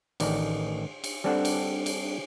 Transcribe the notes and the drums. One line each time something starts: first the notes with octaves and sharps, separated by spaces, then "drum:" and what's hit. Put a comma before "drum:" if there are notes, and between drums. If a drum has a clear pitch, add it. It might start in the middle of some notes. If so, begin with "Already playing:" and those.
A1 D#3 D5, drum: cymbal
drum: cymbal
G3 C4 D4 A4 D5 F#5
drum: cymbal
drum: cymbal